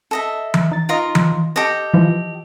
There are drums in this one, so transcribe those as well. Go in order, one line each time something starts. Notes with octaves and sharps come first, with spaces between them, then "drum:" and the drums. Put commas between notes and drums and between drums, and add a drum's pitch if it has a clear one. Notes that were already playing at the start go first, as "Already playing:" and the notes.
A4 D#5 E5
drum: tom E3
D#4 A6
F4 A#4 D#5
drum: tom E3
G4 A4 D#5
E3 F3